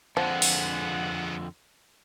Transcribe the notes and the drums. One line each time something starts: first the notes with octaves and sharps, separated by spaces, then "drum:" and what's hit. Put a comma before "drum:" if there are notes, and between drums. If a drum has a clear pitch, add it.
F2 D3 F3 G#3 B3 F#5
drum: open hi-hat